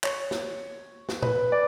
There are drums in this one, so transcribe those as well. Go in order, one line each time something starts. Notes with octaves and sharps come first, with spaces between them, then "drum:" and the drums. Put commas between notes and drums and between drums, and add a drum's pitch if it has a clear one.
C#5, drum: clap
drum: snare
drum: snare
B4, drum: tom
D5